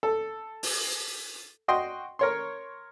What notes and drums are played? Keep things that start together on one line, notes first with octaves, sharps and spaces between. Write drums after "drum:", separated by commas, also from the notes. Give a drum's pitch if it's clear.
A4
drum: open hi-hat
F#4 D#5 G5 C6
A#4 C#5 C6